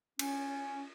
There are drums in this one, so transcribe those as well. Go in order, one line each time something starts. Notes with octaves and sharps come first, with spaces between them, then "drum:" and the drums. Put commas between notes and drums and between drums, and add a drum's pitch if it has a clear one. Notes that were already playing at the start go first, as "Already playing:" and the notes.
C#4, drum: cymbal